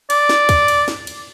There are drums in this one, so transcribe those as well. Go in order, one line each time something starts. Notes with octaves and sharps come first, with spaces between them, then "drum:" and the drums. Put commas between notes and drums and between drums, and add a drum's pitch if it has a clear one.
D5, drum: cymbal
drum: snare
drum: kick, cymbal
drum: cymbal
drum: snare
drum: cymbal